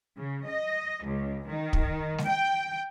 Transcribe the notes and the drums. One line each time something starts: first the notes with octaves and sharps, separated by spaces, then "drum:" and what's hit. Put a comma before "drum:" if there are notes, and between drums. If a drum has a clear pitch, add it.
C#3
D#5
C#2
D#3
drum: kick
drum: snare G#3
G5